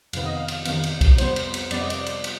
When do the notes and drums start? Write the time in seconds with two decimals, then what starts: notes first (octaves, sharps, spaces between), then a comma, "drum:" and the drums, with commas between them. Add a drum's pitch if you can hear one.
0.13 F2 C3 D#3 B3 F5, drum: cymbal
0.25 D#5
0.37 F5
0.48 drum: cymbal
0.65 F2 C3 D#3 B3 F5, drum: cymbal
0.83 drum: cymbal
1.01 drum: kick B1, cymbal
1.18 F2 C3 G3 B3 C5, drum: cymbal
1.36 drum: cymbal
1.54 drum: cymbal
1.71 F2 C3 G3 B3 D5, drum: cymbal
1.81 D#5
1.90 D5, drum: cymbal
2.06 drum: cymbal
2.24 drum: cymbal